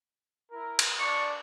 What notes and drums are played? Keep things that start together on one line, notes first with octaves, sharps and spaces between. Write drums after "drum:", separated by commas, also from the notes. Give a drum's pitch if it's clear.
E4 A#4
drum: cymbal
D4 D5 C#6